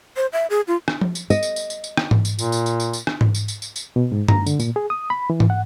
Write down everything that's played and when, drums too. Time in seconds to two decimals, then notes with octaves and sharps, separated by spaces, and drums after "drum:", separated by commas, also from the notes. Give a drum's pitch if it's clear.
0.16 C5
0.33 E5
0.50 G#4
0.67 F4
0.88 drum: rim click
1.01 drum: tom F3
1.15 drum: tambourine
1.30 D#5, drum: tambourine
1.43 drum: tambourine
1.56 drum: tambourine
1.70 drum: tambourine
1.84 drum: tambourine
1.97 drum: rim click
2.11 drum: tom G#2
2.25 drum: tambourine
2.39 A#2, drum: tambourine
2.52 drum: tambourine
2.66 drum: tambourine
2.80 drum: tambourine
2.93 drum: tambourine
3.07 drum: rim click
3.21 drum: tom G#2
3.35 drum: tambourine
3.48 drum: tambourine
3.62 drum: tambourine
3.76 drum: tambourine
3.96 B2
4.12 G#2
4.28 A#5, drum: tom G2
4.46 D3, drum: tambourine
4.60 A#2, drum: tambourine
4.76 G#4
4.90 D#6
5.10 B5
5.30 E3
5.40 drum: tom G#2
5.50 F#5